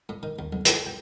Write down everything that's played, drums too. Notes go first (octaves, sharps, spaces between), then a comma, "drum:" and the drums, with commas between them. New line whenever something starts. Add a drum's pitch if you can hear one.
A2
D#3
D#2
B1
D3, drum: hi-hat
G5